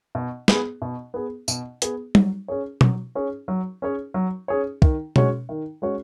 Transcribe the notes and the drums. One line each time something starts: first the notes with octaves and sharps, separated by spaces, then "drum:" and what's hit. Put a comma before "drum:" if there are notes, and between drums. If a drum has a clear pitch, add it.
B2
B3 G#4, drum: snare
B2
B3 G#4
B2, drum: tambourine
B3 G#4, drum: hi-hat
F#3, drum: tom G3
C#4 G#4 C#5
F#3, drum: tom
C#4 G#4 C#5
F#3
C#4 G#4 C#5
F#3
C#4 G#4 C#5
D#3, drum: kick
G#3 C#4 F#4 C#5, drum: tom B2
D#3
G#3 C#4 F#4 C#5